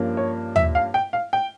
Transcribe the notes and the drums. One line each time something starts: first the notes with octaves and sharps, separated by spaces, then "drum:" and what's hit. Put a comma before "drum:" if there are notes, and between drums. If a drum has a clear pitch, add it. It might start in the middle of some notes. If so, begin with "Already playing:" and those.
Already playing: G2 F3 A#3 C#4
C#5
E5, drum: tom
F5
G5
F5
G5